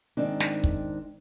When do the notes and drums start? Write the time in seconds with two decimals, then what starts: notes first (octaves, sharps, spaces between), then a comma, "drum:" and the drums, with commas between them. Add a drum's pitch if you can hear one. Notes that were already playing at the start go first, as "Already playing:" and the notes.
0.17 G#2 D#3 C4 D4
0.40 drum: snare
0.64 drum: kick